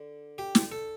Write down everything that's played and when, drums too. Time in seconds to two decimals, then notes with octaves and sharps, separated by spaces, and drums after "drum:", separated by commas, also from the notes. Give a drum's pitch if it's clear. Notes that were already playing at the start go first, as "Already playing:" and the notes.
Already playing: D3
0.38 G4
0.55 drum: snare
0.72 A4